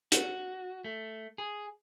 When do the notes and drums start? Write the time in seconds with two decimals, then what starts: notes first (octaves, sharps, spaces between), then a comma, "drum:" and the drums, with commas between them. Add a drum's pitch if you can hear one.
0.12 F#4, drum: hi-hat
0.84 A3
1.38 G#4